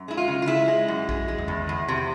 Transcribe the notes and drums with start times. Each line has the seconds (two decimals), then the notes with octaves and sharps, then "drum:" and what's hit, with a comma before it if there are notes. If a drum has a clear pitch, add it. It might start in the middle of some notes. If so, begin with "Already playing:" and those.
Already playing: F#2
0.08 G#3 E4
0.17 F4
0.28 C#3
0.42 F4
0.47 G#3 E4
0.68 G#3
0.88 F#2
1.09 G#3, drum: kick A#1
1.28 G#3
1.38 drum: tom E2
1.48 E2
1.69 E2
1.88 C3